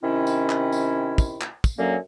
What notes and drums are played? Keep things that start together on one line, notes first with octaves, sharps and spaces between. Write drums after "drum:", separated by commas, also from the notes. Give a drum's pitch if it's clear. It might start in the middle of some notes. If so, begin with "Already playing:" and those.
C3 D#3 C#4 E4
drum: tambourine
drum: clap
drum: tambourine
drum: kick, tambourine
drum: clap
drum: kick, tambourine
F#2 D3 F#3 A#3 C#4